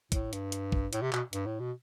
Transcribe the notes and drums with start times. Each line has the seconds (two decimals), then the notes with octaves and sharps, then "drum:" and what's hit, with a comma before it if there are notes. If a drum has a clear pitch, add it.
0.12 A2, drum: kick, hi-hat
0.33 G2, drum: hi-hat
0.52 drum: hi-hat
0.72 drum: kick
0.93 A2, drum: hi-hat
1.02 C3
1.13 B2, drum: clap
1.33 G2, drum: hi-hat
1.46 A2
1.60 B2